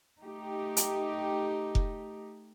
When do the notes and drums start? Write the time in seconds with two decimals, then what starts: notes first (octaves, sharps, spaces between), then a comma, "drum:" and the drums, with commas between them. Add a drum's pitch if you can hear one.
0.21 A3 D#4 G4
0.77 drum: hi-hat
1.75 drum: kick F1